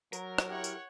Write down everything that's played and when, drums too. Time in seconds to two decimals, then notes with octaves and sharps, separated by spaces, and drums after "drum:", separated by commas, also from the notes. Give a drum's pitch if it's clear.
0.13 F#3 A#4, drum: tambourine
0.38 drum: rim click
0.50 E4 G4 C#5 F#5
0.64 drum: tambourine